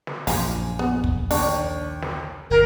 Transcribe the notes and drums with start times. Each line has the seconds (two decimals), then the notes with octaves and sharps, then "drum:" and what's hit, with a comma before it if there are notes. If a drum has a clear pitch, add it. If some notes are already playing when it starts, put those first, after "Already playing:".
0.07 drum: snare
0.27 A#1 F#2 F3 F5 G#5, drum: open hi-hat
0.79 B3
1.04 drum: kick
1.31 D#2 D4 C#6, drum: open hi-hat
2.02 drum: snare
2.51 G1 G#2 A#4